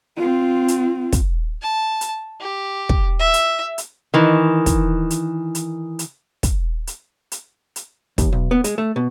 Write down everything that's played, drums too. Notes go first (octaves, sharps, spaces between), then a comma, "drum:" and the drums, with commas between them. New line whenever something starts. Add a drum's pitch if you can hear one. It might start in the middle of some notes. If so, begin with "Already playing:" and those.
C4 F4
drum: hi-hat
drum: kick, hi-hat
A5
drum: hi-hat
G4
drum: kick
E5
drum: hi-hat
drum: hi-hat
D#3 E3
drum: kick, hi-hat
drum: hi-hat
drum: hi-hat
drum: hi-hat
drum: kick, hi-hat
drum: hi-hat
drum: hi-hat
drum: hi-hat
D#2, drum: kick, hi-hat
B1
B3
G#3, drum: hi-hat
A3
B2